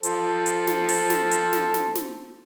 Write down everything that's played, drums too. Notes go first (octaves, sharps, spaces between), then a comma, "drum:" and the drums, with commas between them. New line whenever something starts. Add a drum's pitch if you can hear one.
F3 A4 C5, drum: hi-hat
drum: hi-hat
drum: snare
drum: open hi-hat
drum: snare
drum: hi-hat
drum: snare
drum: snare
drum: snare